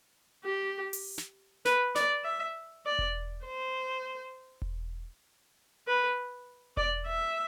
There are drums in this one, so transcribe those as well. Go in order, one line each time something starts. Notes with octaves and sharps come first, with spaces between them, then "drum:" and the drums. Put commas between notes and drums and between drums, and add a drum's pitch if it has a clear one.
G4
drum: open hi-hat
drum: snare
B4, drum: snare
D5, drum: snare
E5
D5
drum: kick E1
C5
drum: kick E1
B4
D5, drum: kick E1
E5